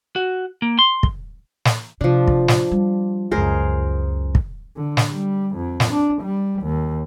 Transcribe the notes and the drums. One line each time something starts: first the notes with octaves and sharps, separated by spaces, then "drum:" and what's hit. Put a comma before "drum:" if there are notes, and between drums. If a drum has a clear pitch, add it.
F#4
A#3
C6
drum: kick
drum: snare
C3 F3 D4
drum: kick
drum: snare
G3
C#2 F#2 G#4 A#4 C5
drum: kick
D3
drum: snare
G3
F2
drum: snare
D4
G3
D#2